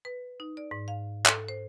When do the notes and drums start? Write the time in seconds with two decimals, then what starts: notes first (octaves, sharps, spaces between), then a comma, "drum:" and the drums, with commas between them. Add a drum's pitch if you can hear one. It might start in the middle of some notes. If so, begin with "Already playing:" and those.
0.05 B4
0.40 D#4
0.57 D5
0.71 G#2
0.88 F5
1.26 A4, drum: clap
1.48 C5